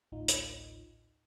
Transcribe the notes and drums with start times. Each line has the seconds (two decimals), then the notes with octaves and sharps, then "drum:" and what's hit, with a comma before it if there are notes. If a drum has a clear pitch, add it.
0.12 A1 D2 A2 D#4 F4
0.28 drum: hi-hat